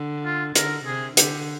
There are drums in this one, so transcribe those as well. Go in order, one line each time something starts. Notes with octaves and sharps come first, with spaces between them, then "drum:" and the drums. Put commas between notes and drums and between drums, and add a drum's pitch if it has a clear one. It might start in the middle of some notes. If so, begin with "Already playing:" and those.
Already playing: D3
F4
D3 A#4, drum: hi-hat
C3 G#4
D3 G4, drum: hi-hat